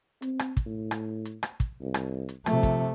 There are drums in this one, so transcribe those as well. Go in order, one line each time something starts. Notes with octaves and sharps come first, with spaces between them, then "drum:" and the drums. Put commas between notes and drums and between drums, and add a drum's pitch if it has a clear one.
C4, drum: hi-hat
drum: rim click
drum: kick, hi-hat
A2
drum: rim click
drum: hi-hat
drum: rim click
drum: kick, hi-hat
C2
drum: rim click
drum: hi-hat
C3 F3 A3, drum: rim click
drum: kick, hi-hat